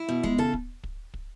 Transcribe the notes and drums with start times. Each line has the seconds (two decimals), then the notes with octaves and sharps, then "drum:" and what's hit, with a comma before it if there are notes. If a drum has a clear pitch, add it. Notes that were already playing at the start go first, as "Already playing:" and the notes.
Already playing: E4
0.09 B2
0.23 G#3, drum: kick
0.38 C#3 A4
0.53 drum: kick
0.84 drum: kick
1.14 drum: kick